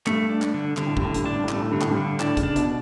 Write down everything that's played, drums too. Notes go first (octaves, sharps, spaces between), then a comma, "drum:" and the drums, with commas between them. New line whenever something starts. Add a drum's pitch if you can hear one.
G2 A3, drum: clap
D4
drum: clap
D3
G2 D3, drum: clap
A2
G2, drum: kick
A2 D3
G2, drum: hi-hat
A2 D4
G2
A2
G2 A3, drum: clap
A2
G2 D3
A2, drum: clap
G2
D3
A2 D4, drum: clap
C#3, drum: kick, hi-hat
D4
B2, drum: hi-hat